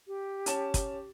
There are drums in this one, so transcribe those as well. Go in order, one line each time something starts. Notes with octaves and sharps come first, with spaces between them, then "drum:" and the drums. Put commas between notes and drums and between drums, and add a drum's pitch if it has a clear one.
G4
C#4 A5 E7, drum: hi-hat
drum: kick, hi-hat